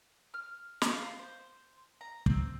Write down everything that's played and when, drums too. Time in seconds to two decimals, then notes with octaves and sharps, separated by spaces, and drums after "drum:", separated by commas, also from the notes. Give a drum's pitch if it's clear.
0.34 F6
0.82 drum: snare
0.92 F4
1.19 C5
2.01 A#5
2.26 C4, drum: kick